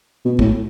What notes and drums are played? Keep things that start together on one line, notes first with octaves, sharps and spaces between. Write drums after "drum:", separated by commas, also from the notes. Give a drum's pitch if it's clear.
B2
A2, drum: kick